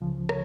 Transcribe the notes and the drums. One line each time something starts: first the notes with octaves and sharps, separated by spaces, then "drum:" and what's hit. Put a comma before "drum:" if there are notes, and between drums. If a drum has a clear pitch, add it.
C#2 C#3 F3
C#5, drum: rim click